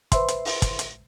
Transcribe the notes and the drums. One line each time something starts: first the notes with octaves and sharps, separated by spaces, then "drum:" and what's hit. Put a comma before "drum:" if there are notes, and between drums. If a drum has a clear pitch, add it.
B4 C5 E5 C6, drum: kick, hi-hat
drum: hi-hat
drum: open hi-hat
drum: kick, hi-hat
drum: hi-hat